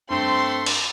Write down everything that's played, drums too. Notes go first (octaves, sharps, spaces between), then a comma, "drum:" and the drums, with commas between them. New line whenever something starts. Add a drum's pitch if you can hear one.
G2 A3 C4 C6
drum: cymbal